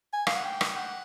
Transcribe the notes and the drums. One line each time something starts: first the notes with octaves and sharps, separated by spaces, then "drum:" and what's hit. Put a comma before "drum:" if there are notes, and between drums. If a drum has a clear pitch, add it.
G#5
F5, drum: rim click
F#5
G5
drum: rim click
F#5